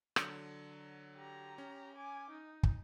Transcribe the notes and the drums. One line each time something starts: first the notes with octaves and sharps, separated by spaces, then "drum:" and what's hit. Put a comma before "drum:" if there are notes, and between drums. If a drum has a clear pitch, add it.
D3 F#3, drum: rim click
G4 A#5
C#4
G#5 D6
D#4
drum: kick